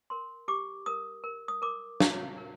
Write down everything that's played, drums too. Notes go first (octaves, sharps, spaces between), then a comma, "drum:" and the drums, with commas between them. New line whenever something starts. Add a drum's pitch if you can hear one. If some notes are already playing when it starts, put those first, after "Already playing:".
A#4 C6
G4 D6
A#4 D#6
A#4
D#6
A#4 D6
D4, drum: snare
A#4